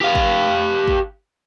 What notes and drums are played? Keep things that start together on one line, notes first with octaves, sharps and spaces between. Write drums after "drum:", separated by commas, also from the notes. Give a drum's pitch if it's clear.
G4 F5
drum: kick
drum: kick